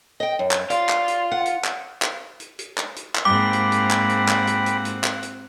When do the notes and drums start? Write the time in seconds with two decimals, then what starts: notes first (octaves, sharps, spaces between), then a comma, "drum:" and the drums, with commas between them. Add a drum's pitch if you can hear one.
0.20 D#5 G5
0.39 F#2
0.51 drum: clap
0.70 F4 D5, drum: hi-hat
0.89 drum: clap
1.08 drum: hi-hat
1.31 F#5
1.45 drum: hi-hat
1.64 drum: clap
2.02 drum: clap
2.40 drum: hi-hat
2.59 drum: hi-hat
2.77 drum: clap
2.96 drum: hi-hat
3.15 drum: clap
3.25 G#2 A#3 C4 F#5 G5 B5 D6
3.53 drum: hi-hat
3.72 drum: hi-hat
3.91 drum: clap
4.09 drum: hi-hat
4.28 drum: clap
4.47 drum: hi-hat
4.66 drum: hi-hat
4.85 drum: hi-hat
5.04 drum: clap
5.23 drum: hi-hat